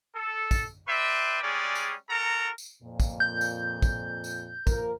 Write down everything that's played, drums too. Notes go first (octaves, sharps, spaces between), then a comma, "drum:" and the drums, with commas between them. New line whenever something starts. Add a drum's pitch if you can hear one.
A4
drum: kick, tambourine
B4 D5 E5 G5 C6
G3 G#3 C#4 G#4 D5
drum: tambourine
F#4 A4 A#4 A#5
drum: tambourine
F2 A#2
drum: kick, tambourine
G6
drum: tambourine
drum: kick, tambourine
drum: tambourine
F3 A#3 A#4, drum: kick, tambourine